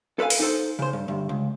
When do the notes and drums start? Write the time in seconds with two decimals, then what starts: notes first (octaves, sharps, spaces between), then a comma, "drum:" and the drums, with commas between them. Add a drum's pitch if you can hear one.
0.19 A4 B4 C5 F5 G#5
0.30 drum: open hi-hat
0.40 D#4 A4 C5
0.79 C#3 C5
0.93 G2
1.08 D2 G2
1.29 C#2